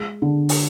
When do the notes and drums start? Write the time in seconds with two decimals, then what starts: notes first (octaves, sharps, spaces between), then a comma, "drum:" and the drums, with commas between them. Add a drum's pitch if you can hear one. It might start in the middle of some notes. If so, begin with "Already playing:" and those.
Already playing: G#3
0.22 D3
0.49 drum: open hi-hat